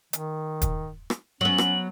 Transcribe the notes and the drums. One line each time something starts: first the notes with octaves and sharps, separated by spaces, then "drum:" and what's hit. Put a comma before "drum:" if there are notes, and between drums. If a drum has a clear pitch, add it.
D#3, drum: hi-hat
drum: kick, hi-hat
drum: rim click
F#3 B3 C#4 F#7
drum: rim click